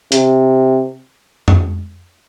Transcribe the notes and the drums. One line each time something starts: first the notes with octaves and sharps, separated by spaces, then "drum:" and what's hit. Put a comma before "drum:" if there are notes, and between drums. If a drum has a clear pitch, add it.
C3, drum: hi-hat
drum: tom F2